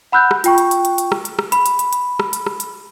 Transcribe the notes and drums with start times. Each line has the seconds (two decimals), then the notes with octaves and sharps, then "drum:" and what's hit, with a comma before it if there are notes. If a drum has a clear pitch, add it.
0.12 F#5 B5 E6 F#6 G6
0.31 drum: rim click
0.44 F4 G5 C#6, drum: hi-hat
0.58 drum: hi-hat
0.71 drum: hi-hat
0.85 drum: hi-hat
0.98 drum: hi-hat
1.12 drum: rim click
1.25 drum: hi-hat
1.39 drum: rim click
1.52 B5, drum: hi-hat
1.66 drum: hi-hat
1.79 drum: hi-hat
1.93 drum: hi-hat
2.20 drum: rim click
2.33 drum: hi-hat
2.46 drum: rim click
2.60 drum: hi-hat